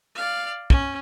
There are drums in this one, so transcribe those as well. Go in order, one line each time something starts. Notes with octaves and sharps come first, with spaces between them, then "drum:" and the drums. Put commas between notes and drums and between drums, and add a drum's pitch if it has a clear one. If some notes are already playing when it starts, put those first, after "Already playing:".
D5 F5
C#4, drum: kick